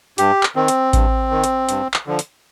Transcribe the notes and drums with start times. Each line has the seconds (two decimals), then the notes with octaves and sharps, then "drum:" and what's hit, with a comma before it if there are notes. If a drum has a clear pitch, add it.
0.18 G2 G4, drum: hi-hat
0.43 drum: clap
0.56 D#3 C4
0.68 drum: hi-hat
0.93 G2, drum: kick A1, hi-hat
1.31 D#3
1.44 drum: hi-hat
1.69 G2, drum: hi-hat
1.94 drum: clap
2.07 D3 F3
2.19 drum: hi-hat